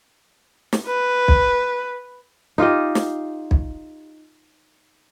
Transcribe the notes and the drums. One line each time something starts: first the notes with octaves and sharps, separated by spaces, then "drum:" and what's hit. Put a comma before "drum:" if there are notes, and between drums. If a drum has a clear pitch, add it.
drum: snare
B4
drum: kick B1
D#4 F4 G4 D#5
drum: snare
drum: kick B1